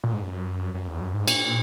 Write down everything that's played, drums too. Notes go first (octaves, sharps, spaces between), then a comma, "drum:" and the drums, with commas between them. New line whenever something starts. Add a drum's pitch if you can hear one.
A#2
G#2
F#2
F#2
E2
F#2
G#2
A#2, drum: cymbal